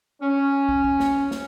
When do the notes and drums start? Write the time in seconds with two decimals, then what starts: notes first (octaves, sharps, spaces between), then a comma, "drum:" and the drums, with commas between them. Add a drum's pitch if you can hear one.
0.22 C#4
0.69 drum: kick
0.84 drum: kick
1.00 drum: snare
1.31 drum: snare